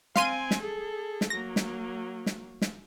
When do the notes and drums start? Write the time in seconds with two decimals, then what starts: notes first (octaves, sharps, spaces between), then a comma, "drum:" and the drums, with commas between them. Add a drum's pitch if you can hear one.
0.16 C4 F5 G#5 C6 D#7, drum: snare
0.51 drum: snare
0.62 G#4 A4
1.21 drum: snare
1.30 F#3 A#3 A#6
1.56 drum: snare
2.26 drum: snare
2.62 drum: snare